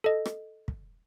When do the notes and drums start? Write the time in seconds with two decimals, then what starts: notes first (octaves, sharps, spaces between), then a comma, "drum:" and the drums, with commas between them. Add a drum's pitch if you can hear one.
0.04 A4 D#5
0.26 drum: rim click
0.68 drum: kick